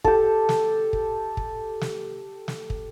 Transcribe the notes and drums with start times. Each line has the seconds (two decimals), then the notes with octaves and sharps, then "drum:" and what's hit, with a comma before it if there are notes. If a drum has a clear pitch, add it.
0.04 G4 A4, drum: kick
0.49 drum: snare
0.93 drum: kick
1.37 drum: kick
1.81 drum: snare
2.48 drum: snare
2.70 drum: kick